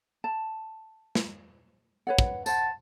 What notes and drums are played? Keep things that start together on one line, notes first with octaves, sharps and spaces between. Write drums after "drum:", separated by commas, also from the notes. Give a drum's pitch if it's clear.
A5
drum: snare
B4 C#5 F#5
drum: kick
C5 F#5 A5, drum: tambourine